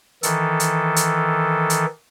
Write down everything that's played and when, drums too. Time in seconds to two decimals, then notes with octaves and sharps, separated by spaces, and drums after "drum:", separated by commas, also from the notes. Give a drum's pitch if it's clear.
0.23 D#3 E3 A4, drum: hi-hat
0.60 drum: hi-hat
0.96 drum: hi-hat
1.70 drum: hi-hat